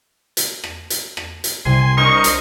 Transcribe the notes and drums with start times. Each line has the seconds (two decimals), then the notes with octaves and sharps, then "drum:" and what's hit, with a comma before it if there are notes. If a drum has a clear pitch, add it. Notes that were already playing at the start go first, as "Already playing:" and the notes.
0.37 drum: hi-hat
0.64 drum: rim click
0.90 drum: hi-hat
1.17 drum: rim click
1.44 drum: hi-hat
1.65 C2 C3 G#5 C6
1.97 D4 A#4 C5 D#5 C#6 D#6
2.24 drum: hi-hat